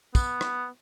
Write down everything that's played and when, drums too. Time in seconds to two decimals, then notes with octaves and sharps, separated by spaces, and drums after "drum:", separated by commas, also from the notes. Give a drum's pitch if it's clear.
0.15 B3, drum: kick, tambourine
0.41 drum: rim click